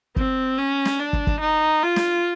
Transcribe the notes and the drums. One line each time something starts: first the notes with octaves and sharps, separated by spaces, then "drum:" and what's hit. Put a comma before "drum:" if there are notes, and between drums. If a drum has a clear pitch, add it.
C4, drum: kick
C#4
drum: snare
D4
drum: kick
drum: kick
D#4
F4
drum: snare